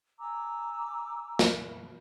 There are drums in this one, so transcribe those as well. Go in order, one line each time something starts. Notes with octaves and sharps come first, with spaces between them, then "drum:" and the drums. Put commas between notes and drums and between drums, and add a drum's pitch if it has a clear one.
G#5 A#5 D6 E6
drum: snare